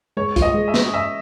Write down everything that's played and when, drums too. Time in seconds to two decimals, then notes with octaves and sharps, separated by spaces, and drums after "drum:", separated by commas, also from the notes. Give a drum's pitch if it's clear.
0.17 G#3 C#5
0.36 F4, drum: kick, hi-hat
0.42 D#5
0.54 G#3
0.68 E5
0.74 C#4, drum: snare
0.93 C#4 E5